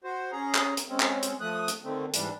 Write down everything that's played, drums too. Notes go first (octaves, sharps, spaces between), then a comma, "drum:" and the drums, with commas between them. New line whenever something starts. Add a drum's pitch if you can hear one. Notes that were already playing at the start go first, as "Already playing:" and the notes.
F#4 C5
C#4 G#4 A#5
drum: clap
drum: hi-hat
G#3 C4 C#4
drum: clap
drum: hi-hat
F3 A3 D#6 F#6
drum: hi-hat
D3 D#3 A3 C4
G#2 E3 G3 D4, drum: hi-hat